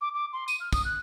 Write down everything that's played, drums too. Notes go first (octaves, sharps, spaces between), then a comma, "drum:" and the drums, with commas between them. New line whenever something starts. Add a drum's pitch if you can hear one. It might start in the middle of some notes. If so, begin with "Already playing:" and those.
D6
D6
C6
D#7, drum: tambourine
F6
D#6, drum: kick, tambourine
F#6